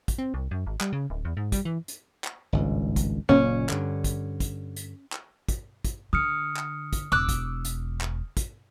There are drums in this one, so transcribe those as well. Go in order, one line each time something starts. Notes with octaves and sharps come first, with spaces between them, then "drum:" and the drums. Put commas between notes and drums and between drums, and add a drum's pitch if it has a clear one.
drum: kick, hi-hat
C4
C2
F#2
G#1
G3, drum: clap
C#3
D1
E2
G#2
G3, drum: kick, hi-hat
E3
drum: hi-hat
drum: clap
G#1 C#2 G2
drum: kick, hi-hat
F#1 A#2 A#3 C#4
G2 D3, drum: clap
drum: kick, hi-hat
drum: kick, hi-hat
drum: hi-hat
drum: clap
drum: kick, hi-hat
drum: kick, hi-hat
D3 D#6 F6 C#7
drum: clap
drum: kick, hi-hat
E1 D6 E6 F#6
drum: kick, hi-hat
drum: hi-hat
drum: clap
drum: kick, hi-hat